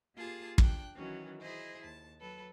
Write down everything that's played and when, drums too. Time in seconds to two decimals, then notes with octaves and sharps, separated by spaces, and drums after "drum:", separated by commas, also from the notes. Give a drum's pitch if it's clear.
0.15 A#3 F4 G4 G#4 A5
0.58 D4 G5 F#6, drum: kick
0.96 D#3 E3 F#3 C#4
1.39 E4 G#4 C5 D#5
1.82 D#2 A5
2.20 F#3 A4 B4